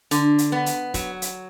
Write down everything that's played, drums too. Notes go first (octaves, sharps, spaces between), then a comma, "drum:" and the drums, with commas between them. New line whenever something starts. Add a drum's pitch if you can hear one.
D3, drum: hi-hat
drum: hi-hat
B3
drum: hi-hat
F#3, drum: kick, hi-hat
drum: hi-hat